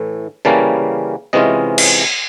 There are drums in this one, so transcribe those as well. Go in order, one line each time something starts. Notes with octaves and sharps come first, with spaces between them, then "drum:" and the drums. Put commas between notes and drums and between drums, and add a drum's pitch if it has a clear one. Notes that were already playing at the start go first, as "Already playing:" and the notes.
Already playing: A2 E3 A3
C#3 E3 G3 A#3 C#4 A5
C3 E3 G#3 C#4 F4 D#5
drum: cymbal